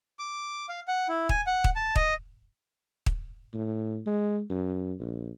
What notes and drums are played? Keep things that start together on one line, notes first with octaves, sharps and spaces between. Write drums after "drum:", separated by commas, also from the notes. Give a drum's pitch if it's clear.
D6
F5
F#5
E4
G#5, drum: kick
F#5
drum: kick
A5
D#5, drum: kick
drum: kick
A2
G#3
F#2
A#1